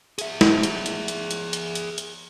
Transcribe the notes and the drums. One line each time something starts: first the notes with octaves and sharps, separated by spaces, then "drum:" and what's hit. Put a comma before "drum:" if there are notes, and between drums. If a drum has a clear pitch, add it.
G#4 E5, drum: hi-hat
drum: snare
drum: hi-hat
drum: hi-hat
drum: hi-hat
drum: hi-hat
drum: hi-hat
drum: hi-hat
drum: hi-hat